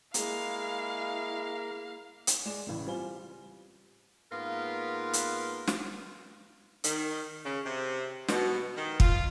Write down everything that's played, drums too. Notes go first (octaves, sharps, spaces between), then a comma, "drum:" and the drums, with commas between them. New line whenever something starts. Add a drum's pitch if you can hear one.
G#3 A#3 E4 F5, drum: hi-hat
drum: hi-hat
G#3 D5 E7
A1 A2 C#3
G3 C4 F4 G#5 G7
G#2 A#3 B3 F4 A#4 B4
drum: hi-hat
drum: snare
D#3, drum: hi-hat
C#3
C3
B2, drum: snare
D#3
F4, drum: kick